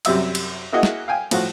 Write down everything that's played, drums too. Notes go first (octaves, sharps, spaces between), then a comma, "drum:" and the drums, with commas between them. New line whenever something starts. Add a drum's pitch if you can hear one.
F#2 C3 G3 E5 E6, drum: cymbal
drum: cymbal
A#3 E4 F#4 G#4 D#5 F#5
drum: snare
F5 G5 G#5
A2 F3 F#4, drum: cymbal